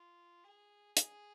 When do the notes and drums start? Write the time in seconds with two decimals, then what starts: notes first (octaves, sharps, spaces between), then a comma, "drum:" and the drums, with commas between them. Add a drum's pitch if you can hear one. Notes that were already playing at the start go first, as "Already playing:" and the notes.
Already playing: F4
0.44 G#4
0.97 G#4, drum: hi-hat